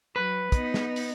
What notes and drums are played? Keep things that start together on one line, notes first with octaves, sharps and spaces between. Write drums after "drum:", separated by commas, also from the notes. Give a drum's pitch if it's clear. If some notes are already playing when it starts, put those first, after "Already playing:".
F#3 B4
B3 D#4, drum: kick, hi-hat
drum: snare
drum: open hi-hat